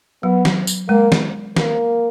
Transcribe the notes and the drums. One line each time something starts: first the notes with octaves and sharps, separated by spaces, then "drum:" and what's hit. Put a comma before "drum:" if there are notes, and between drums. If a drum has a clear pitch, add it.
F#3 B3
drum: snare
drum: tambourine
G#3 A#3
drum: snare
A#3, drum: snare